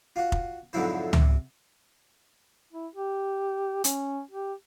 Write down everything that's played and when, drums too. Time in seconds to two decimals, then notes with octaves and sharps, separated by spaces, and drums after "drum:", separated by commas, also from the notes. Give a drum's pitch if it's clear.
0.16 F4 F#4
0.32 drum: kick F1
0.73 F2 G#2 D3 F#3 E4 C5
1.13 C3, drum: tom C#2
2.73 E4
2.95 G4
3.84 C#4, drum: hi-hat
4.31 G4